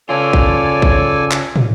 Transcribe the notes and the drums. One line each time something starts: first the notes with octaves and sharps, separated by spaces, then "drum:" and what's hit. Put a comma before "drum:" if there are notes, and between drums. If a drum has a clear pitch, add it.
C#3 F4 A4 C#5 D5 G#5
drum: kick
drum: kick
drum: clap
drum: tom